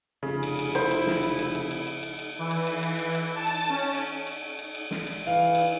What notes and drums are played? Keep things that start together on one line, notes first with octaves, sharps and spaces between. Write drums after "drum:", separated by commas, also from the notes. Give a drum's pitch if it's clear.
F1 C#3
drum: cymbal
drum: cymbal
E4 C5 B5, drum: cymbal
drum: cymbal
drum: snare
drum: cymbal
drum: cymbal
drum: cymbal
drum: cymbal
drum: cymbal
drum: cymbal
drum: cymbal
E3
drum: cymbal
drum: cymbal
drum: cymbal
drum: cymbal
drum: cymbal
A5
drum: cymbal
C#4
drum: cymbal
drum: cymbal
drum: cymbal
drum: cymbal
drum: cymbal
drum: snare
drum: cymbal
E3 F5
drum: cymbal